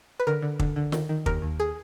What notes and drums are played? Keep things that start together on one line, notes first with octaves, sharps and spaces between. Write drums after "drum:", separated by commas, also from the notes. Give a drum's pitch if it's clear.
B4
D3 A#4
D3
D3, drum: kick
D3
D#3, drum: snare
D#3
D#2 A#4, drum: kick
D#2
G#4